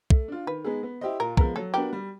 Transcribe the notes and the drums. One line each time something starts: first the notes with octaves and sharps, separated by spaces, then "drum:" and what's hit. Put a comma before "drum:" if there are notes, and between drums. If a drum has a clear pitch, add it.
A3, drum: kick
D4 F4
D#3 B4
G#3 B3 D#4 G#4
B3
E4 G4 C5 D#5
A#2 A#4
F3 G#3 B3 A#4, drum: kick
F#3 A4
B3 D4 F#4 G4 A#4
G3